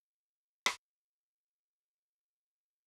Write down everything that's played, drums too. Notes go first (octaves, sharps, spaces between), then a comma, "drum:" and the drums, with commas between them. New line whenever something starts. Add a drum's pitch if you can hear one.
A#3
drum: rim click
F#3
F#4
F2
G3
C#3
G3